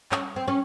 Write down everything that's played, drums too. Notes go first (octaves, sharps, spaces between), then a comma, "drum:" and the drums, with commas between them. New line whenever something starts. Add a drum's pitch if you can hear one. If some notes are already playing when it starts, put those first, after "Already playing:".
C#4, drum: clap
C4
C#4